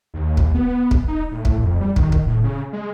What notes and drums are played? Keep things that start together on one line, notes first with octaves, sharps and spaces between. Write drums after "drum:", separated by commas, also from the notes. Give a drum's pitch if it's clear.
D#2
drum: kick
B3
drum: kick
D#4
A2
drum: kick
F2
G3
D#3, drum: kick
drum: kick
A2
C#3
G#3